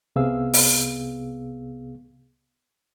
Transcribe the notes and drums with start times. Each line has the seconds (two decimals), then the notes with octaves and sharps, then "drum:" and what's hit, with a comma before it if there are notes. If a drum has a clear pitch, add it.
0.16 C2 C3 B3 G#4 F5 E6
0.54 drum: open hi-hat